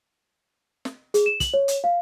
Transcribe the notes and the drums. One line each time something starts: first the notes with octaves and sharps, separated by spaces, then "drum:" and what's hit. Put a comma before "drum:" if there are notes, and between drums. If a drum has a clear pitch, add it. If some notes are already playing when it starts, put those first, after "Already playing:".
drum: snare
G#4, drum: hi-hat
E7
F#7, drum: kick, hi-hat
C#5
drum: hi-hat
F5